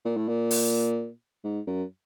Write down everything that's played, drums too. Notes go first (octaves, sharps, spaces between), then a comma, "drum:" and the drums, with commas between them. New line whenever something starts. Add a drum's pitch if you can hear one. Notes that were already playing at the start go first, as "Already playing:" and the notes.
A#2
A2
A#2
drum: open hi-hat
G#2
F#2